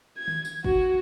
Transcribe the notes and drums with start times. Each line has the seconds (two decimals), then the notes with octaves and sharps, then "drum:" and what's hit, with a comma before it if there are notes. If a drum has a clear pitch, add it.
0.17 G#6
0.28 drum: tom D#3
0.45 drum: tambourine
0.65 F#4, drum: kick